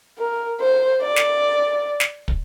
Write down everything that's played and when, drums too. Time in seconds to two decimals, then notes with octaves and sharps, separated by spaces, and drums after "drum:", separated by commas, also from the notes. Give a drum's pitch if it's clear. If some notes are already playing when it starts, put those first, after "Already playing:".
0.18 A#4
0.61 C5
1.02 D5
1.16 drum: snare
2.00 drum: snare
2.28 drum: kick